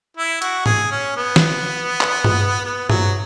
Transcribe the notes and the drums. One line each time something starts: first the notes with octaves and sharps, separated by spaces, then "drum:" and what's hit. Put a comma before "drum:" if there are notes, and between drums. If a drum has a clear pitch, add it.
E4
F#4, drum: hi-hat
G#4, drum: tom G#2
C#4
B3
drum: snare
drum: clap
drum: tom G2
B3
F#3, drum: tom G2